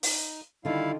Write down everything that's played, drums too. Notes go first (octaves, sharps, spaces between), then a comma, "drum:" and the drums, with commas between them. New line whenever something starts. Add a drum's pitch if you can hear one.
D#4, drum: open hi-hat
D3 D#3 G3 E4 F4 F5